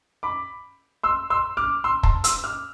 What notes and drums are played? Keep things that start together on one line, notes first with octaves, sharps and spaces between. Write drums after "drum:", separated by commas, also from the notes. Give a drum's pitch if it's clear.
B5 D6
C6 E6
C6 E6
D6 F6
C6 E6
A5 C6, drum: kick
C6 E6, drum: hi-hat
D6 F6